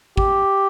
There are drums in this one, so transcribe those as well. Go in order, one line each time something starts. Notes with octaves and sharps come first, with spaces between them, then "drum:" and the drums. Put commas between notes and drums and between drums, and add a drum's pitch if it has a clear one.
G4, drum: kick